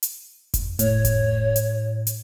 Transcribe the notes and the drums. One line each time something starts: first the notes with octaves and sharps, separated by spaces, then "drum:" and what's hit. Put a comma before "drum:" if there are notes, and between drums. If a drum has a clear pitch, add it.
drum: hi-hat
drum: kick F1, hi-hat
A2 C#5, drum: hi-hat
drum: kick F1, hi-hat
drum: hi-hat
drum: hi-hat